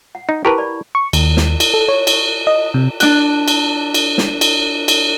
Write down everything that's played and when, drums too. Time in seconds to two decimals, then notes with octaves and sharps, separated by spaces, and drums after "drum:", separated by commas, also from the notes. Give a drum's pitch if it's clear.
0.15 F#5
0.29 D#4
0.45 E4 G4 A#4 B4 A5 C#6
0.58 D5 B5
0.95 C#6
1.13 D#2, drum: cymbal
1.37 drum: snare
1.60 drum: cymbal
1.74 A4
1.88 C#5
2.07 drum: cymbal
2.47 D#5
2.74 C3
3.00 D4 F#6, drum: cymbal
3.48 drum: cymbal
3.94 drum: cymbal
4.18 drum: snare
4.41 drum: cymbal
4.88 drum: cymbal